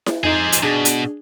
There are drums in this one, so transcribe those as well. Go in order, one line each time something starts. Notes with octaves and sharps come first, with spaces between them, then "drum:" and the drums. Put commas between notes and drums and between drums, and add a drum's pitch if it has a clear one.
drum: snare E4
F2 D#4 G#4 C5 D6
drum: hi-hat
B2 D4 G#4
drum: hi-hat